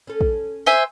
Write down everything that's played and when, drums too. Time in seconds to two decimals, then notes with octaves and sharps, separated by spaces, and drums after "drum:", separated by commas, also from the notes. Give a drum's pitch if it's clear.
0.07 C#4 A4
0.21 drum: kick
0.66 C5 E5 G#5